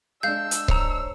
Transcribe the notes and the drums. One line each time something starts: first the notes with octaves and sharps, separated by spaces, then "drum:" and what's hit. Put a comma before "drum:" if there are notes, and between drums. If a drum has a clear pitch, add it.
G#3 D4 F5 E6 G6
drum: hi-hat
C5 C#5 A#5, drum: kick C#1